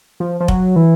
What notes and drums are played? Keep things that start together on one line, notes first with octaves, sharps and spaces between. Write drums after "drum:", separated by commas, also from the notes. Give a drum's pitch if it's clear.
F3
F3
F#3, drum: kick F1
E3